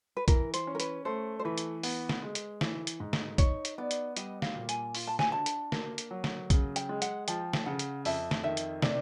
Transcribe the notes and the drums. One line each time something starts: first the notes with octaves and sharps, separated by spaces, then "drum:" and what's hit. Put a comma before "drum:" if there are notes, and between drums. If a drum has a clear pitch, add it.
B4
E3 A#4, drum: kick, hi-hat
C5, drum: hi-hat
C#4
A#4
B4, drum: hi-hat
A3 C5
C5
E3 B4
drum: hi-hat
B3, drum: open hi-hat
drum: snare
G#3
drum: hi-hat
E3, drum: snare
drum: hi-hat
G#2
drum: snare
D#4 C#5, drum: kick, hi-hat
drum: hi-hat
B3 D5
drum: hi-hat
G3 D#5, drum: hi-hat
F5, drum: snare
A#2
G#5, drum: hi-hat
F4, drum: open hi-hat
A5
G#5, drum: snare
D4 A5
drum: hi-hat
A#3, drum: snare
drum: hi-hat
F#3
drum: snare
C#3, drum: kick, hi-hat
G5, drum: hi-hat
G#3
F#5, drum: hi-hat
F3 G5, drum: hi-hat
drum: snare
C#3 F#5
drum: hi-hat
F2 E5, drum: open hi-hat
drum: snare
D#3 E5
drum: hi-hat
C3 D5, drum: snare